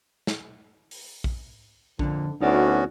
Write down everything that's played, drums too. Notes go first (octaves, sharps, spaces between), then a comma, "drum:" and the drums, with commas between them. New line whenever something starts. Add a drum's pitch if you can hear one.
drum: snare
drum: open hi-hat
drum: kick A#1
F2 A#2 D3, drum: kick A#1
D2 B3 C#4 D#4 F#4 D5